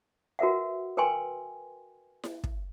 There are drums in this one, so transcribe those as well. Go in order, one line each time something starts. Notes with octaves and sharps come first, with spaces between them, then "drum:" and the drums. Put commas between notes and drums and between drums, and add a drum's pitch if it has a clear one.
F#4 A#4 B4 E5 F#5
A#4 B4 G5 G#5 C6
drum: snare E4
drum: kick